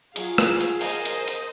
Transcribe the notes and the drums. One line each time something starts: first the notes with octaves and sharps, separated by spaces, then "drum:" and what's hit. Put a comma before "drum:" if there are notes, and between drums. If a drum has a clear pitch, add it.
F#3 F4 G#4 F5, drum: hi-hat
drum: rim click
drum: hi-hat
A#4 C5 D#5, drum: open hi-hat
drum: hi-hat
drum: hi-hat